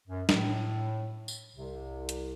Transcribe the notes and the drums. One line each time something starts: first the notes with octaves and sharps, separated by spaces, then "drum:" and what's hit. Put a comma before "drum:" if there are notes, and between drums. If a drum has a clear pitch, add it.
F#2
A2, drum: snare
drum: tambourine
C2 C3
drum: hi-hat